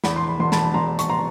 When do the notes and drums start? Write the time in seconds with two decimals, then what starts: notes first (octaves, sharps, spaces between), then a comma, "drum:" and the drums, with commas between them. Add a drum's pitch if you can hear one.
0.04 E2 B5, drum: snare
0.16 C6
0.28 B5
0.39 E1 C6
0.52 A5 B5, drum: snare
0.64 B5
0.74 E1 A#5 C6
0.99 C#6, drum: hi-hat
1.09 A#5 C6